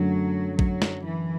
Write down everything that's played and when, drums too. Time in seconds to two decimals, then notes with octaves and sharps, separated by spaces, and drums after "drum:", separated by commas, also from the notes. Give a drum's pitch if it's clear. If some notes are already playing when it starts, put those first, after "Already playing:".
Already playing: F#2 D3 F#3 A3
0.59 F#3, drum: kick A1
0.82 drum: snare
1.04 E3